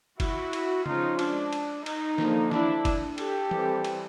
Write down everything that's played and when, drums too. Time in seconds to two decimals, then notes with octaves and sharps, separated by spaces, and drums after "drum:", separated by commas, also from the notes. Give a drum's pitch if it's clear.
0.20 E4 F#4, drum: kick, cymbal
0.53 drum: cymbal
0.86 F3 G#3 C#4 D#4 F4, drum: tom C#3
1.19 D4, drum: cymbal
1.53 drum: cymbal
1.86 D#4, drum: cymbal
2.18 D3 F3 A#3, drum: snare
2.51 D4 E4, drum: snare
2.85 drum: kick, cymbal
3.18 G4 A4, drum: cymbal
3.51 E3 G3 C4, drum: tom E3
3.84 drum: cymbal